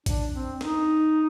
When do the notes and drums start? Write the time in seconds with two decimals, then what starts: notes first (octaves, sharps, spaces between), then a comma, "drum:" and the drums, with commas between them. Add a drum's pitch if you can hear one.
0.06 D4, drum: kick, hi-hat
0.33 C4
0.61 D#4, drum: snare